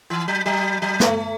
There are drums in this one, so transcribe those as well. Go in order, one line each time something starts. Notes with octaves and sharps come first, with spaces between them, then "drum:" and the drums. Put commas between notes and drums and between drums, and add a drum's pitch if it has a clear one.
E3
F#3
F#3
F#3
A3, drum: snare